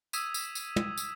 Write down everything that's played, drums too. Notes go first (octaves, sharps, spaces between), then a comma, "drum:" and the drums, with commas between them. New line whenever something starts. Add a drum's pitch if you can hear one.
D#6 E6 G#6 B6 D#7 E7, drum: tambourine
drum: tambourine
drum: tambourine
drum: tom
drum: tambourine